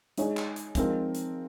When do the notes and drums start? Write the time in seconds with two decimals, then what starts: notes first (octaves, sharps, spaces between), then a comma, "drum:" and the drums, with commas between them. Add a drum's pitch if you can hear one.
0.18 G#3 D#4 G#4 C#5, drum: hi-hat
0.37 drum: clap
0.56 drum: hi-hat
0.75 F3 G#3 C4 D#4 A#4, drum: kick, hi-hat
1.15 drum: hi-hat